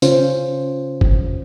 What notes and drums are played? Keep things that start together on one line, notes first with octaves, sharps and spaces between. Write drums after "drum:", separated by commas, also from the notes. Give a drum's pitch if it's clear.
C#3 C#4 F4 C5, drum: tambourine
drum: kick G1